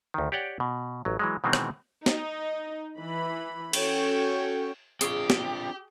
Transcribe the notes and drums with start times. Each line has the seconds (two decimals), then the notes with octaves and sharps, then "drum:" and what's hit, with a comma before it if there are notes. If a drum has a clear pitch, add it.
0.14 D2 D#3
0.32 G4 C#5 D5 F#5 G5
0.60 B2
1.05 A1 F#3
1.19 E3 F#3 G#3
1.44 B2 D#3 E3 G#3 C4
1.53 drum: rim click
2.06 D#4, drum: snare
3.00 E3 B5
3.73 C#4 F#4 A4 C#5 G5, drum: cymbal
5.01 C4 D4 F4 G4 G#4 C#6 D6, drum: hi-hat
5.30 drum: snare